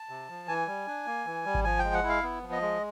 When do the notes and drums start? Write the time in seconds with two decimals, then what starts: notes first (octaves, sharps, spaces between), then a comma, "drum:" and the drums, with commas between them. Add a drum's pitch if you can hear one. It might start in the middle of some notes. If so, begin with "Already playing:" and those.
Already playing: A5
0.09 C3
0.29 F3
0.48 E3 G#5
0.67 G3
0.87 D4
1.06 A#3
1.26 E3
1.45 G3
1.55 drum: kick G#1
1.64 F3 G#5
1.79 G5
1.84 G#3
1.94 F#5
2.03 E4
2.09 F5
2.23 B3
2.43 F3
2.52 D#5
2.62 G#3